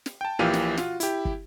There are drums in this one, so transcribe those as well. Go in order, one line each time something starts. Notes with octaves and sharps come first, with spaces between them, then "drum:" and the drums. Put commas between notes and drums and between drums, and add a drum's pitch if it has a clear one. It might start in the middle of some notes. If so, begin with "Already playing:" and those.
drum: snare
G5 A5
A#1 A#2 E3 G4 F5 D#7
drum: snare
F4 F#4, drum: snare
E4 G4, drum: hi-hat
drum: kick